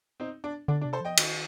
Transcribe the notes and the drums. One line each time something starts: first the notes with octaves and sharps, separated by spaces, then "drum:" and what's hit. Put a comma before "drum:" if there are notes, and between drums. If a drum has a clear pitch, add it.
C4 D#4
D4
D3 D4
D4
C3
A4 C5
F3 D#5 G5
D#3, drum: cymbal